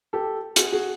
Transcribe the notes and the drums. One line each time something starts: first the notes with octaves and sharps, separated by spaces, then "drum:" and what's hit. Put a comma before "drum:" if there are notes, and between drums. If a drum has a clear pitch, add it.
G4 A4
F#4 G#4, drum: hi-hat
F#4 G#4